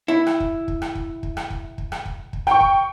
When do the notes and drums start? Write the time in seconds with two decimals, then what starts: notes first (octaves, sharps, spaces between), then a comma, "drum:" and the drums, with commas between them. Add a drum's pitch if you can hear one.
0.08 E4
0.27 drum: rim click
0.40 drum: kick
0.68 drum: kick
0.82 drum: rim click
0.95 drum: kick
1.23 drum: kick
1.37 drum: rim click
1.50 drum: kick
1.78 drum: kick
1.92 drum: rim click
2.06 drum: kick
2.33 drum: kick
2.47 G5 C#6, drum: rim click
2.61 drum: kick